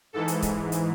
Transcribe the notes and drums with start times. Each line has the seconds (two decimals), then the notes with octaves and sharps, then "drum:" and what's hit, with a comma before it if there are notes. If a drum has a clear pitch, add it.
0.13 G#2 E3 A4
0.28 drum: hi-hat
0.42 drum: kick C#1, hi-hat
0.72 drum: hi-hat